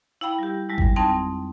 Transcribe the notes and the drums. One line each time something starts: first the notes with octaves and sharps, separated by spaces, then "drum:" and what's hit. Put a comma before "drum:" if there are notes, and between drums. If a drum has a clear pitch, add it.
E4 F5 G5 B5
G3 G4
G3 G#3 E4
drum: kick G#1
F2 C4 D#4 G5 A5 A#6